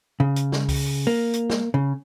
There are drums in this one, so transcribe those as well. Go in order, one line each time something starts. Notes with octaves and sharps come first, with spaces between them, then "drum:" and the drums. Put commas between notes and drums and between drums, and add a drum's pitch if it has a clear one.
C#3
drum: hi-hat
drum: snare
drum: kick C#2, open hi-hat
A#3
drum: hi-hat
drum: snare
C#3